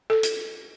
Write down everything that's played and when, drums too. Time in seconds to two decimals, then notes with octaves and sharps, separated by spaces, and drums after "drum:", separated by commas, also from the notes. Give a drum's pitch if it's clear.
0.10 A4
0.23 drum: hi-hat